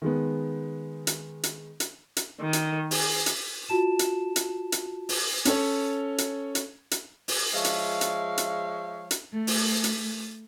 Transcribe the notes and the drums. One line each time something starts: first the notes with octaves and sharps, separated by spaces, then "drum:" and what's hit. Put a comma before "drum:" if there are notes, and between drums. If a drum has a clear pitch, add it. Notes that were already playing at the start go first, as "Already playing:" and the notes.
D#3 G#3 B3
drum: hi-hat
drum: hi-hat
drum: hi-hat
drum: hi-hat
D#3
drum: hi-hat
G#4, drum: open hi-hat
drum: hi-hat
F4 F#4 A5 E7
drum: hi-hat
drum: hi-hat
drum: hi-hat
drum: open hi-hat
C#4 A4 C#5, drum: hi-hat
drum: hi-hat
drum: hi-hat
drum: hi-hat
drum: open hi-hat
F3 G#3 C#5 E5 F5
drum: hi-hat
drum: hi-hat
drum: hi-hat
drum: hi-hat
A3
drum: open hi-hat
drum: hi-hat